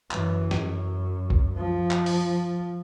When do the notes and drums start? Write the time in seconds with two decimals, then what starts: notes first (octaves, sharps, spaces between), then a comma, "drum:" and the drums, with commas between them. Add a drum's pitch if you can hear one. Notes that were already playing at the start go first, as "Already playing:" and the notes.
0.11 F#2 E3, drum: clap
0.51 F#2, drum: snare
1.30 drum: kick C2
1.57 F3
1.91 drum: clap
2.06 drum: open hi-hat